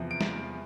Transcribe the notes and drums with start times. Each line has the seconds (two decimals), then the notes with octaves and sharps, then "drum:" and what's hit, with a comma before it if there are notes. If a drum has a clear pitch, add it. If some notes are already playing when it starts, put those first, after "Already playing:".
Already playing: E2 C3 F3
0.11 D7
0.21 drum: snare